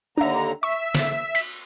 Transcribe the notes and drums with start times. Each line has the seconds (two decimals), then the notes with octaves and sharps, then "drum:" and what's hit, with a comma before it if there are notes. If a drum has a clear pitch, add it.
0.18 D#2 D3 D4 E5 A#5
0.63 E5 C#6
0.95 drum: snare
1.35 B6, drum: cymbal